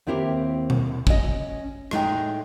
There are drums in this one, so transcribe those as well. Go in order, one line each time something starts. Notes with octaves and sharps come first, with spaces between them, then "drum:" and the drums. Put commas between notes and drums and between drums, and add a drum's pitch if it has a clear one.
D#2 C4 E4 G4 A#4
drum: tom B2
C#4 D#5, drum: kick
A2 G#3 D#4 G5, drum: rim click